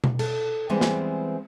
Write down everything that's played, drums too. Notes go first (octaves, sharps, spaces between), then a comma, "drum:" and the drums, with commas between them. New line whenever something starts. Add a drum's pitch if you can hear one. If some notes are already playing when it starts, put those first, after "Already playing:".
drum: tom B2
A4, drum: cymbal
E3 G3 G#3 B3 C4
drum: snare